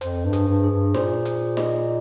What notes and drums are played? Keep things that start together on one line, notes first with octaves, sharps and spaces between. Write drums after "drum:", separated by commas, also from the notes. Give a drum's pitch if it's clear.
F2 C5, drum: hi-hat
G2
G#4, drum: hi-hat
G2
G#4
G2
A#2 C5, drum: snare D#4
G#4, drum: hi-hat
D#5, drum: snare D#4